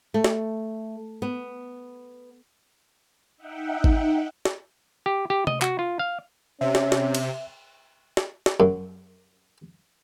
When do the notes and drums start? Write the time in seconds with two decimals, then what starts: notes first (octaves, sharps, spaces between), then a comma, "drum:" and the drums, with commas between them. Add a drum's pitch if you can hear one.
0.14 A3
0.24 drum: snare
1.22 B3
3.37 D#4 E5 F#5 G5
3.84 drum: kick G#1
4.45 drum: snare
5.06 G4
5.30 G4
5.47 D#5, drum: tom C3
5.62 F#4, drum: clap
5.79 F4
5.99 F5
6.61 C3 C#4 E5
6.75 drum: snare
6.92 drum: snare
7.15 drum: cymbal
8.17 drum: snare
8.46 drum: snare
8.60 F#2